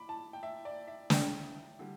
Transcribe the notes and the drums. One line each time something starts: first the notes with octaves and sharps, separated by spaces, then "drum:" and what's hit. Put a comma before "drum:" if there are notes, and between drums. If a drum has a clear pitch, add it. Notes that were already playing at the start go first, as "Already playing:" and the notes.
Already playing: B5 D6
A5
G5
E5
D5
E5
G5, drum: snare
D3 G3